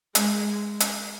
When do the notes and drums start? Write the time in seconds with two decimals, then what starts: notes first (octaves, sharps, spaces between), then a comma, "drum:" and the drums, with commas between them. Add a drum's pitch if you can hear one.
0.15 G#3, drum: hi-hat
0.80 drum: hi-hat